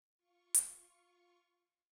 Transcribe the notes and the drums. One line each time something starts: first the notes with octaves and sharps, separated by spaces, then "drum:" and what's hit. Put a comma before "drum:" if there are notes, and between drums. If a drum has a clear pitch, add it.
F4 C#6
drum: hi-hat